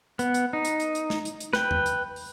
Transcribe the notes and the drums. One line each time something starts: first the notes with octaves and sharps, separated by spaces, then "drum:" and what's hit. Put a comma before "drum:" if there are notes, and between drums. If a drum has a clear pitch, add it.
B3, drum: hi-hat
drum: hi-hat
D#4
drum: hi-hat
drum: hi-hat
drum: hi-hat
drum: snare
drum: hi-hat
drum: hi-hat
B4 G5, drum: snare
drum: tom E2
drum: hi-hat
drum: open hi-hat